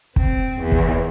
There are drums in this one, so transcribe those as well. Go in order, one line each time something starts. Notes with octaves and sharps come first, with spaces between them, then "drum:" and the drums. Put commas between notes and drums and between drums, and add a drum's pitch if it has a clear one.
C4, drum: kick
E2
drum: kick